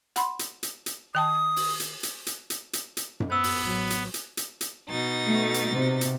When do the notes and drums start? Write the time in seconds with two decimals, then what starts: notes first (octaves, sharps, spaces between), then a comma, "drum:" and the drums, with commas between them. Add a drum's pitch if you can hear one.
0.16 F#5 B5 C6, drum: hi-hat
0.39 drum: hi-hat
0.63 drum: hi-hat
0.86 drum: hi-hat
1.15 D#3 G5 A5 D#6
1.56 drum: open hi-hat
1.80 drum: hi-hat
2.03 drum: hi-hat
2.27 drum: hi-hat
2.50 drum: hi-hat
2.73 drum: hi-hat
2.97 drum: hi-hat
3.20 drum: tom F#2
3.30 B3 C5 E6
3.44 drum: open hi-hat
3.62 A1 F#3
3.90 drum: hi-hat
4.14 drum: hi-hat
4.37 drum: hi-hat
4.61 drum: hi-hat
4.90 B2 D#4 A6
5.24 A3
5.54 drum: hi-hat
5.73 C3
6.01 drum: hi-hat